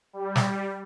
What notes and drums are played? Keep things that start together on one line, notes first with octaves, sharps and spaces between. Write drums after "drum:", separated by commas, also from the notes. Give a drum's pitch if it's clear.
G3
drum: snare